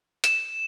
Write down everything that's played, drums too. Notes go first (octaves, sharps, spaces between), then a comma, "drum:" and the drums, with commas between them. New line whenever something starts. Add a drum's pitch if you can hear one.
E7, drum: hi-hat